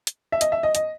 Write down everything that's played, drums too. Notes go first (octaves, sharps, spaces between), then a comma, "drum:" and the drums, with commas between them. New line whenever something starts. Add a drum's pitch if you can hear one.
drum: hi-hat
E5
D#5, drum: hi-hat
E5
D#5
D#5, drum: hi-hat